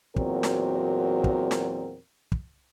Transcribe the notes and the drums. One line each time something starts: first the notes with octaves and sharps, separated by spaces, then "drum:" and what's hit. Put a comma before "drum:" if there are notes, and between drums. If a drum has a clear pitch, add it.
E2 A#2 F#3 C4 F#4 A#4, drum: kick
drum: snare
drum: kick
drum: snare
drum: kick